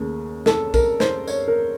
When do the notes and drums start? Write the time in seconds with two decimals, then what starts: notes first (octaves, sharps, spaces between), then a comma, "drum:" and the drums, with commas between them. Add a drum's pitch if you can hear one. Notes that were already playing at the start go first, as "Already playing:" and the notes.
Already playing: D#2 C#3 A3
0.46 A4, drum: snare
0.74 A#4, drum: kick, tambourine
1.00 C5, drum: snare
1.27 C#5, drum: tambourine
1.48 A#4